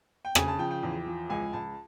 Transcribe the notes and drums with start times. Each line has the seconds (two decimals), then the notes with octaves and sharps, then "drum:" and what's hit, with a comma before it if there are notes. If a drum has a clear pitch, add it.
0.25 G5
0.35 C#3 G#5, drum: rim click
0.48 A5
0.59 F3 G5
0.71 G5
0.83 E2
1.06 F3
1.30 C#2 G#5
1.53 C#2 A5